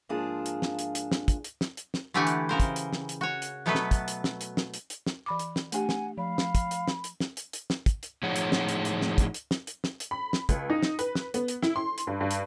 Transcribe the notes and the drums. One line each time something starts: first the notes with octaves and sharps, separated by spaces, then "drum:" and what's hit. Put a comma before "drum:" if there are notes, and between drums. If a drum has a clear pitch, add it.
G#2 F3 A#3 D4 F4 G#4
drum: hi-hat
drum: snare
drum: hi-hat
drum: hi-hat
drum: snare
drum: kick, hi-hat
drum: hi-hat
drum: snare
drum: hi-hat
drum: snare
D3 E3 A3 G4 F#5 G#5
drum: hi-hat
C#3 A#4 C5
drum: kick, hi-hat
drum: hi-hat
drum: snare
drum: hi-hat
F#4 C#5
drum: hi-hat
B2 F#3 A3 B3 A4 B4
drum: snare
drum: kick, hi-hat
drum: hi-hat
drum: snare
drum: hi-hat
drum: snare
drum: hi-hat
drum: hi-hat
drum: snare
E3 B5 D6
drum: hi-hat
drum: snare
A3 D4 G4 F#5 G#5, drum: hi-hat
drum: snare
F3 F5 B5
drum: snare
drum: kick, hi-hat
drum: hi-hat
drum: snare
drum: hi-hat
drum: snare
drum: hi-hat
drum: hi-hat
drum: snare
drum: kick, hi-hat
drum: hi-hat
A2 F3 D#4 G#4 C#5 F#5
drum: hi-hat
drum: snare
drum: hi-hat
drum: hi-hat
drum: snare
drum: kick, hi-hat
drum: hi-hat
drum: snare
drum: hi-hat
drum: snare
drum: hi-hat
B5
drum: snare
C#2, drum: kick, hi-hat
D#4
drum: snare
B4, drum: hi-hat
drum: snare
B3, drum: hi-hat
drum: hi-hat
E4, drum: snare
C6
drum: hi-hat
G2
G2
drum: hi-hat